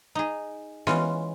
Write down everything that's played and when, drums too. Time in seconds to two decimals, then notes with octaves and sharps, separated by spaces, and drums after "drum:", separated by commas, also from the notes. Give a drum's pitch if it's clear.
0.15 D#4 G#4
0.87 E3 G#3 C#4 F4, drum: snare B3